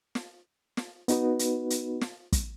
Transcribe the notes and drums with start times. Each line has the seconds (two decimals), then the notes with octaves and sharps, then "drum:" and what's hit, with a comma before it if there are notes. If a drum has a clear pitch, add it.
0.15 drum: snare
0.77 drum: snare
1.08 B3 D#4 F#4 B4, drum: hi-hat
1.39 drum: hi-hat
1.70 drum: hi-hat
2.01 drum: snare
2.32 drum: kick, hi-hat